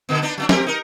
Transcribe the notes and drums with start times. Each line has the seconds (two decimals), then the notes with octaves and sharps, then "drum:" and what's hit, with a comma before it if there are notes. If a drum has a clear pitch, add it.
0.09 B2 D3 B3
0.22 B3 D4 D#4
0.38 F#3 A3 D4
0.49 C4 G4 A#4, drum: snare
0.66 D#4 A#4